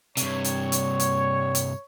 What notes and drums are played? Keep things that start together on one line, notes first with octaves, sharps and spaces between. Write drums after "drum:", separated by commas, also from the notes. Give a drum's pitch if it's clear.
G2 C3 C#5, drum: hi-hat
drum: hi-hat
drum: hi-hat
drum: hi-hat
drum: hi-hat